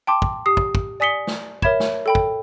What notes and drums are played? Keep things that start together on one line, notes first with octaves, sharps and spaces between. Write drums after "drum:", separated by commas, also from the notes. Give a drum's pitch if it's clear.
G5 A5 C6 D6
drum: kick
G4 D#6 C7
drum: kick
drum: kick
D5 G#5 D#6 B6 C#7 G7
drum: snare
A#4 C#5 E5 B5 G#6 E7, drum: kick
drum: snare
A4 G5 B5
drum: kick